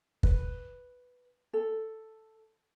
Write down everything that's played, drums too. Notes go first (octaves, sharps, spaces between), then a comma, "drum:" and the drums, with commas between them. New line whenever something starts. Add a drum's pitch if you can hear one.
B4, drum: kick
A4